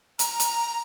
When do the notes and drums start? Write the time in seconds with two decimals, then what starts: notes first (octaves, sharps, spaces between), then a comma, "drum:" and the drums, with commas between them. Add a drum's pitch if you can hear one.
0.19 A#5, drum: hi-hat
0.40 drum: hi-hat